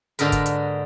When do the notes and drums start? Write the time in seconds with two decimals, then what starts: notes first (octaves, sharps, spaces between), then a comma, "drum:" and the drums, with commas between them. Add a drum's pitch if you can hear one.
0.19 G#2 D3 D#4 A#4 B4, drum: hi-hat
0.32 drum: kick F#1, hi-hat
0.46 drum: hi-hat